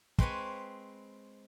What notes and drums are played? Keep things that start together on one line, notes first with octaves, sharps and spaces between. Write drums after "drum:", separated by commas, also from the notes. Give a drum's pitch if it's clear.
G#3 C4 B4 C#5 G#5, drum: kick